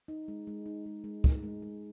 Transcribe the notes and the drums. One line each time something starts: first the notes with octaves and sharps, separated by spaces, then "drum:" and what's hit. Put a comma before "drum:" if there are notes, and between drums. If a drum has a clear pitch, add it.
D#4
G#3
G#3
D#4
G#3
G#3
D#4, drum: kick
G#3
G#3